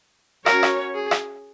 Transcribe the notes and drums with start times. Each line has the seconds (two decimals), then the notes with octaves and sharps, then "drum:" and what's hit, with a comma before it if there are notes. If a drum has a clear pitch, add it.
0.46 C#4 F#4 A#4 C#5, drum: rim click
0.63 drum: rim click
0.95 G#4
1.11 drum: rim click